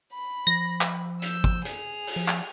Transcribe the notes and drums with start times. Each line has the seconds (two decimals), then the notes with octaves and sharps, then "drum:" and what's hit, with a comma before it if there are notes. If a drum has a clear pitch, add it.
0.14 B5
0.47 F3 A#6
0.81 drum: clap
1.22 E6 G6, drum: hi-hat
1.44 drum: kick
1.65 G#4 F7, drum: hi-hat
2.07 drum: open hi-hat
2.16 F3
2.28 drum: clap